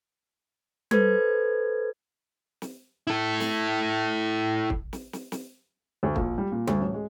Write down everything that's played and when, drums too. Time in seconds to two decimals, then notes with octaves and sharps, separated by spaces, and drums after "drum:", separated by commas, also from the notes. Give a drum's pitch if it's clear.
0.91 A4 B4 C5 G#6, drum: tom G3
2.62 drum: snare
3.07 E4 A4
3.40 drum: snare
4.70 drum: kick
4.93 drum: snare
5.13 drum: snare
5.32 drum: snare
6.03 D2
6.16 A#1, drum: kick
6.38 G3
6.52 A#2
6.67 D2, drum: tom G3
6.80 A1
6.94 G#3